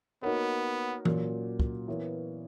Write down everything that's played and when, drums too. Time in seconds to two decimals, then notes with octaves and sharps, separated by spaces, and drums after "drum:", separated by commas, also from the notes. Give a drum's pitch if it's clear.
0.22 A#3 B3 D#4 F#4 A#4 C#5
1.05 A#2 F#3 A#3 C#4, drum: tom E3
1.60 drum: kick
1.88 E3 B3 E4 A#4 C#5